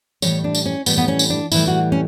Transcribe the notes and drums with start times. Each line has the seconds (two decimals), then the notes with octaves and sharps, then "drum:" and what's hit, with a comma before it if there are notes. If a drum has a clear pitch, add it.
0.22 A2 E3 G3 C#5, drum: tambourine
0.44 D4
0.55 drum: tambourine
0.65 C#4
0.86 A2 E3 G3 B3, drum: tambourine
0.98 B3
1.08 C#4
1.19 drum: tambourine
1.30 D4
1.52 A2 E3 G3 E4, drum: tambourine
1.68 F#4
1.92 C#4